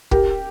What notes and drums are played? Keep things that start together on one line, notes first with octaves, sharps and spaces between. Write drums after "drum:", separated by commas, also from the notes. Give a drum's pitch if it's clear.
G4 A#4, drum: kick